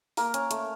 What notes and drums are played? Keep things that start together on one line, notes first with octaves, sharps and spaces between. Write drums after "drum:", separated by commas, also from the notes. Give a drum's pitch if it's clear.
A#3 A#4, drum: open hi-hat
C#4, drum: hi-hat
A3, drum: hi-hat